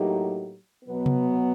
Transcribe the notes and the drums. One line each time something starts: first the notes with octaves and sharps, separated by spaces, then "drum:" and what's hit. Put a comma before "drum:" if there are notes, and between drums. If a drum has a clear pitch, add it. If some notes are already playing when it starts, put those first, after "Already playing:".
Already playing: A2 F#3 A#3 D#4 G4
B2 F#3 B3
drum: tom C3